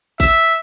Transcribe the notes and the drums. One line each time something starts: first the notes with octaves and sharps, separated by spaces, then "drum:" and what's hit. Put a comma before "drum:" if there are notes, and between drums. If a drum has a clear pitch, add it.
E5, drum: kick A1, tambourine